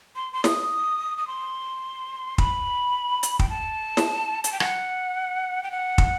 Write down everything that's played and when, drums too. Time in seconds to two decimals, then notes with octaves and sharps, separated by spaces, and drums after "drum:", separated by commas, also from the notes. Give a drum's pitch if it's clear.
0.16 C6
0.33 C6
0.44 D#6, drum: snare
1.18 D#6
1.27 C6
2.38 B5, drum: kick
3.23 drum: hi-hat
3.39 G5, drum: kick
3.50 A5
3.97 drum: snare
4.44 A5, drum: hi-hat
4.52 G5
4.60 F#5, drum: rim click
5.63 G5
5.72 F#5
5.98 drum: kick